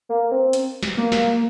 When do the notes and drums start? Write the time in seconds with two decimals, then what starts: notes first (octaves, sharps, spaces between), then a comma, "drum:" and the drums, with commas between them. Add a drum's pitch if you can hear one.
0.09 A#3
0.31 C4
0.53 drum: hi-hat
0.83 drum: snare
0.97 A#3
1.12 drum: snare